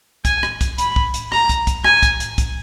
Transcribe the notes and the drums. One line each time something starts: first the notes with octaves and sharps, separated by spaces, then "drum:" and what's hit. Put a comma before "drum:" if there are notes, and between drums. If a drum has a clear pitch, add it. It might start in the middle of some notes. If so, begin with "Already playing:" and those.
G#5, drum: kick, hi-hat
drum: rim click
drum: kick, hi-hat
B5, drum: hi-hat
drum: kick
drum: hi-hat
A#5, drum: rim click
drum: kick, hi-hat
drum: kick, hi-hat
G#5, drum: rim click
drum: kick, hi-hat
drum: hi-hat
drum: kick, hi-hat